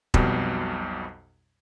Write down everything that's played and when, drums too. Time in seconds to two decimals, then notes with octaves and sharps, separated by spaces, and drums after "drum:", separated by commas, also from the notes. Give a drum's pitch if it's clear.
0.14 B1 F2 B2 G3, drum: kick E1